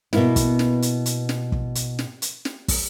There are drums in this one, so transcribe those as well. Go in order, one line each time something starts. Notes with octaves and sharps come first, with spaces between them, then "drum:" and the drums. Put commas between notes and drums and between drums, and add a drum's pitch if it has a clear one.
B2 A#3 E4, drum: snare
drum: kick, hi-hat
drum: snare
drum: hi-hat
drum: hi-hat
drum: snare
drum: kick
drum: hi-hat
drum: snare
drum: hi-hat
drum: snare
drum: kick, open hi-hat